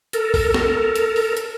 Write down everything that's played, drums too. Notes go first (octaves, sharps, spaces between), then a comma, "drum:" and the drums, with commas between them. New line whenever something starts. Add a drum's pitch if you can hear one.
A4 A#4, drum: hi-hat
drum: kick, open hi-hat
drum: snare
drum: hi-hat
drum: open hi-hat
drum: hi-hat